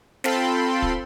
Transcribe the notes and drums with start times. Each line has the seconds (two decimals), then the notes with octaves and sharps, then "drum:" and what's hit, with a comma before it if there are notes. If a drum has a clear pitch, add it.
0.24 C4 F4 A4 G5 B5 C6, drum: snare
0.82 drum: kick